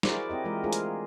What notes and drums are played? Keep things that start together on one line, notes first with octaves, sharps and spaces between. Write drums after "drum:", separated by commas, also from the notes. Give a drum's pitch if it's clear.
E4 F#4 G#4 A#4 C5 D5, drum: snare
C4 E4 G4 D#5
E3 G#3 F4 A#4
A3 D4 F4 G#4 A#4
drum: hi-hat